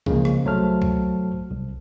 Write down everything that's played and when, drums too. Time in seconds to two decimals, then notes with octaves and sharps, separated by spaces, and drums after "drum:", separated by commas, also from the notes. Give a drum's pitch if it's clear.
0.06 C#3 F3 G#3 A#3, drum: kick C2
0.25 drum: rim click
0.45 C2 F#3 A3 C5 A5 F6
0.82 drum: kick C2
1.52 C2